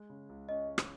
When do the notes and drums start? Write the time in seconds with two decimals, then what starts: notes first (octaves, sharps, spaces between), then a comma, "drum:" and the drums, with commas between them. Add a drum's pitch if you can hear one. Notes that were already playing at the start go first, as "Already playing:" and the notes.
Already playing: G#3
0.09 C#3
0.29 C#2
0.49 C#4 D#5
0.68 G#3
0.78 drum: rim click